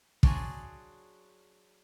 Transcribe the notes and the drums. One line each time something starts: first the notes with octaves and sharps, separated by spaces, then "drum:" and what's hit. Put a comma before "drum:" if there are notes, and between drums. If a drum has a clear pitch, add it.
F#3 D4 F4 F#4 G#4, drum: kick